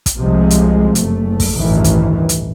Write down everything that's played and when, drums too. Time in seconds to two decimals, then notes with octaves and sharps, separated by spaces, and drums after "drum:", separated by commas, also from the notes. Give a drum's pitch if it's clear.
0.06 drum: kick, hi-hat
0.19 C2 C3 F3 G3 G#3
0.51 drum: hi-hat
0.95 F#1 A3, drum: hi-hat
1.40 drum: kick, open hi-hat
1.55 A1 D2 G2 D#3 E3
1.84 drum: kick, hi-hat
2.29 drum: hi-hat